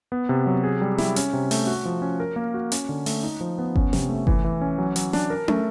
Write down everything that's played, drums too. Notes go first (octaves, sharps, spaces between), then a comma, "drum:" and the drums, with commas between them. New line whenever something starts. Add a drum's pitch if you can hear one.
B3
C3
F#3
G#4
G3
E4, drum: snare
C#4, drum: hi-hat
C3
A3, drum: open hi-hat
F#4
F3
C#4
A#4
A#3
F#4
C#4, drum: hi-hat
D3
A3, drum: open hi-hat
D#4
F3
B3
C#4, drum: kick G1
C3, drum: snare
A3
E3, drum: kick G1
E3
C#4
F#3
F#3, drum: hi-hat
D4, drum: snare
A#4
A3, drum: tom